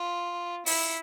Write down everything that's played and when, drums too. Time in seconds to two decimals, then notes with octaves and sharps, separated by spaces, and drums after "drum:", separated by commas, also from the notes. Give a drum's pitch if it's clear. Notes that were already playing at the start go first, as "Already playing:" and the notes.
Already playing: F4
0.66 E4, drum: open hi-hat